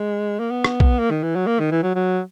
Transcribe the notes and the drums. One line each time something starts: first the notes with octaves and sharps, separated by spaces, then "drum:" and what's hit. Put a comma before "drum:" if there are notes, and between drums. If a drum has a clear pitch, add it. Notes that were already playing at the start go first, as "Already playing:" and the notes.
Already playing: G#3
A#3
B3
drum: rim click
drum: kick B1
A#3
D#3
E3
F#3
A#3
D#3
E3
F#3
F#3